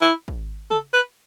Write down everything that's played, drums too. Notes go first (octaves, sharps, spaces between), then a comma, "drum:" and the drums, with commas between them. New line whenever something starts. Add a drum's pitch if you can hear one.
E4
drum: kick
A4, drum: tom C#3
B4